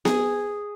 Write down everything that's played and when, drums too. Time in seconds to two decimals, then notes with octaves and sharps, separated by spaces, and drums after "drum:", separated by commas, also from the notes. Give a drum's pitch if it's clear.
0.05 G#4, drum: snare B3